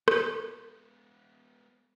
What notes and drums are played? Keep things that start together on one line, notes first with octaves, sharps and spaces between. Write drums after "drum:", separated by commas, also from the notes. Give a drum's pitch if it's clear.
G#3 B3, drum: rim click